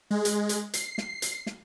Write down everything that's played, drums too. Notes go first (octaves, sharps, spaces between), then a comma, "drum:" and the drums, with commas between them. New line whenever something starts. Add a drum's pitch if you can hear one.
G#3
drum: hi-hat
drum: hi-hat
C7, drum: hi-hat
drum: snare
drum: hi-hat
drum: snare